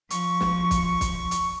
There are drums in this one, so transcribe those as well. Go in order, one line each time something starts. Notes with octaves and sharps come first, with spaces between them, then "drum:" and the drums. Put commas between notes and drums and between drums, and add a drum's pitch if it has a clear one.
F3 C#6, drum: hi-hat
drum: snare
drum: kick, hi-hat
drum: kick, hi-hat
drum: hi-hat